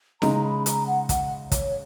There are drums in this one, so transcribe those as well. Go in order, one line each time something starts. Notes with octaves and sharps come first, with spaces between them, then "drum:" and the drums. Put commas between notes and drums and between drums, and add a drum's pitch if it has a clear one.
C#3 G#3 D#4 A#5, drum: snare E4
B5
A#5, drum: hi-hat
F#5
F#5, drum: kick, hi-hat
C#5, drum: kick, hi-hat